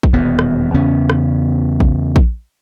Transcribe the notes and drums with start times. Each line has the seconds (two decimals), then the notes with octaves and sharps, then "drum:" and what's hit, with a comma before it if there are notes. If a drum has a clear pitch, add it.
0.03 drum: kick A#1
0.13 D#1 E2 B2 B3
0.39 drum: rim click
0.74 E2 C#3 B3 C#4
1.10 drum: rim click
1.80 drum: kick A#1
2.16 drum: kick A#1